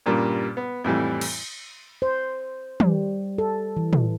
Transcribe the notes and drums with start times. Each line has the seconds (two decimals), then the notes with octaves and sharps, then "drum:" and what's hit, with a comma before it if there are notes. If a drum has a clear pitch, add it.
0.06 G2 A#2 C#3 G3 A#3
0.57 B3
0.84 F2 A2 E3 G3
1.21 drum: cymbal
2.02 C5
2.80 G3, drum: tom
3.38 A4
3.77 E3
3.93 drum: tom